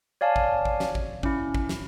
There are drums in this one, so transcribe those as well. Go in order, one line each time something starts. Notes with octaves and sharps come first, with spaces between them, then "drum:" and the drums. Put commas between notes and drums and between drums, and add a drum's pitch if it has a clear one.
C#5 D5 F5 G#5 A5
drum: kick G#1
drum: kick G#1
drum: snare
drum: kick G#1
C#4 E4, drum: kick G#1
drum: kick G#1
drum: snare